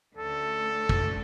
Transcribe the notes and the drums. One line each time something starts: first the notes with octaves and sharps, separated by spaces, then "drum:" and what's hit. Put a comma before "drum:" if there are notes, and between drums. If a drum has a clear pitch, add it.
D2 D3 A3 C#4 A4
drum: kick